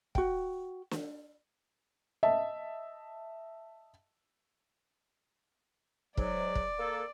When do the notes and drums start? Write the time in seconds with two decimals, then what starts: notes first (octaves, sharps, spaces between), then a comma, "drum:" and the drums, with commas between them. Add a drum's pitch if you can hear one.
0.15 F#4 G5, drum: kick
0.91 drum: snare
2.23 D#5 E5 A5
6.17 G#2 F#3 D5, drum: kick
6.55 drum: kick
6.79 A#3 A4